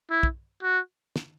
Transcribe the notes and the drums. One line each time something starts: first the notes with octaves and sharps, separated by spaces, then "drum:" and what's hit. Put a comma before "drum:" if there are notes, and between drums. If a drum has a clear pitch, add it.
E4
drum: kick
F#4
drum: snare